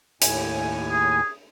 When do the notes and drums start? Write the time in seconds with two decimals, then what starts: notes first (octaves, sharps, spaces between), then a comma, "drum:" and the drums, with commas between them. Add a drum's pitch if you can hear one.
0.22 D#2 A2 G#5, drum: hi-hat
0.91 G#4